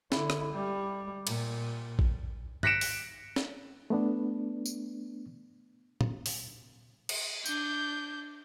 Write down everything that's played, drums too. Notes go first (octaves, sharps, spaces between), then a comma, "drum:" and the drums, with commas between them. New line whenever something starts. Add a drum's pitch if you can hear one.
D3 E4, drum: snare
drum: rim click
G3
A#2, drum: cymbal
drum: kick A1
F#6 A#6 B6 C#7 D7 E7, drum: tom
drum: open hi-hat
drum: snare
A3 B3 D4
drum: tambourine
drum: tom A#2
drum: open hi-hat
drum: cymbal
D4 G6, drum: tambourine